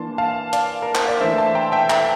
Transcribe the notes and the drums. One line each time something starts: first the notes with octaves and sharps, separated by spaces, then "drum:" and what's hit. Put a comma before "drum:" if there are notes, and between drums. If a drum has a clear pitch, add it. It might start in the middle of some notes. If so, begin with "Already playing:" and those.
Already playing: E3 A#3 D4 A5 C6
F5 A5
D5 F5, drum: hi-hat
A#4
C5, drum: clap
D5
E3 A3 D4 C5 E5
A5 C6
G5 A#5
E5 G5
G5 A#5, drum: clap